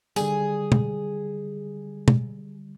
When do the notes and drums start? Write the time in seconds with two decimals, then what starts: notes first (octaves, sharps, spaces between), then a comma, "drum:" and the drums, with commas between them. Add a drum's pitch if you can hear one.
0.16 D3 G3 G#4, drum: tambourine
0.72 drum: tom
2.08 drum: tom